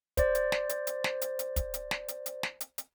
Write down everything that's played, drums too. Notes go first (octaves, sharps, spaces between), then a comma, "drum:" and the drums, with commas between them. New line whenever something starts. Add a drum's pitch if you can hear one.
C5 D5, drum: kick, hi-hat
drum: hi-hat
drum: snare
drum: hi-hat
drum: hi-hat
drum: snare
drum: hi-hat
drum: hi-hat
drum: kick, hi-hat
drum: hi-hat
drum: snare
drum: hi-hat
drum: hi-hat
drum: snare
drum: hi-hat
drum: hi-hat